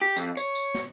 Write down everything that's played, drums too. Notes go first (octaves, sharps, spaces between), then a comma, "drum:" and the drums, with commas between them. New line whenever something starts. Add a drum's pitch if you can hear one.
G4
F2, drum: tambourine
C#5, drum: tambourine
drum: tambourine
drum: snare